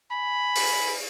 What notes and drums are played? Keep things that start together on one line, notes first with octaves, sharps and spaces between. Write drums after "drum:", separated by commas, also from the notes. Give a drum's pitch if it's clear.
G#5 B5
drum: open hi-hat